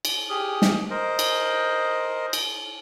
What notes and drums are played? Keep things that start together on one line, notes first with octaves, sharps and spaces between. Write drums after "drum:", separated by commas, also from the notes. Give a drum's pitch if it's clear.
drum: cymbal
G4 G#4 D#6 F6
drum: snare
A#4 C5 D#5
drum: cymbal
drum: cymbal